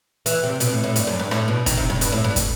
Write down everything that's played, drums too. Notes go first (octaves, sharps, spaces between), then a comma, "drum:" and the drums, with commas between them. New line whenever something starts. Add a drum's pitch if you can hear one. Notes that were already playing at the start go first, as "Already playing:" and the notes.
E3, drum: hi-hat
C3
B2, drum: hi-hat
A2
A2
G2, drum: hi-hat
F#2
G2
A2, drum: rim click
B2
D#3, drum: kick, hi-hat
C3
G2
G2, drum: hi-hat
A2
G2
drum: kick, hi-hat